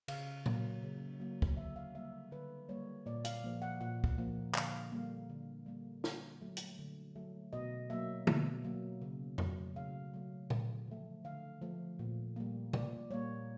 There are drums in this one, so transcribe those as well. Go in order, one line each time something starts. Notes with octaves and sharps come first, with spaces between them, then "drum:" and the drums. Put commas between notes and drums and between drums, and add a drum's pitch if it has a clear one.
C#3 F5, drum: cymbal
F#3 A#3, drum: tom A#2
C#3
F#3 A#3
drum: kick
D3 E5
F5
G3 A#3 E5
D3 B4
G3 A#3 C#5
A#2 D5
F5, drum: hi-hat
F3 A#3
F#5
A#2 F#5
drum: kick
F3 A#3
D3 F5, drum: clap
G3 A#3
D3
G3 A#3
D3, drum: snare
F#3 A3
drum: hi-hat
D3
F#3 A3
B2 D#5
F#3 A#3 E5
B2, drum: tom
F#3 A#3
C#3
F#3 A3, drum: tom F2
C#3 F5
F#3 A3
D3, drum: tom A#2
F3 A3
D3 F5
F3 A3
A#2
G3 A#3
A#2 D5, drum: tom A#2
G3 A#3 C#5